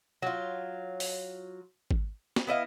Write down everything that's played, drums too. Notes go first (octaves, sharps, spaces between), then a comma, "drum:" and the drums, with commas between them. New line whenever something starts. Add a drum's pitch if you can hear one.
F#3 F4
drum: open hi-hat
drum: kick G#1
drum: snare
B3 E4 D#5 F5